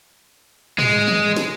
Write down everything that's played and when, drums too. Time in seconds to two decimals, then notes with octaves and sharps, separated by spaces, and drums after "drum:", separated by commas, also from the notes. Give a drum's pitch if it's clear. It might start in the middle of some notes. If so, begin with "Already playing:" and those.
0.78 G#3, drum: tom
1.08 drum: tom
1.36 drum: snare